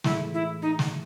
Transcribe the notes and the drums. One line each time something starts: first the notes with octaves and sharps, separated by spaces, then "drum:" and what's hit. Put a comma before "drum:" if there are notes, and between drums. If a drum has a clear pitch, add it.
A2 E3 G#3 E4, drum: snare
E4
D#4
drum: snare